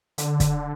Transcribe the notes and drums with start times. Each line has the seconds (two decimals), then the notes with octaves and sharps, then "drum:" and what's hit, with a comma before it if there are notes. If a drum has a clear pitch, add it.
0.18 D3, drum: hi-hat
0.40 drum: kick, hi-hat